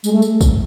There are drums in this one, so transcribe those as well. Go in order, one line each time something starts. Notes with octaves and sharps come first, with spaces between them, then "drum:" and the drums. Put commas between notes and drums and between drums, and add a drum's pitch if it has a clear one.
G#3, drum: tambourine
A3
drum: tambourine
drum: kick, tambourine